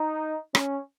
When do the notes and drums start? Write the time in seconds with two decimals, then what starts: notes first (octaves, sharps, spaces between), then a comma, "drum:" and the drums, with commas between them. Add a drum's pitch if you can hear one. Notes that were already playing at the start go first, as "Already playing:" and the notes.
Already playing: D#4
0.55 C#4, drum: rim click